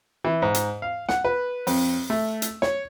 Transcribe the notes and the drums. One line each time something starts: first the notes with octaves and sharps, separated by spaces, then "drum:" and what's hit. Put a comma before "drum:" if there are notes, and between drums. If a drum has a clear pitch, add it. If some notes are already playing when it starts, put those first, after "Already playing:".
E3
G#2
drum: hi-hat
F5
F#5, drum: snare
B4
F2, drum: open hi-hat
A3
drum: hi-hat
C#5, drum: snare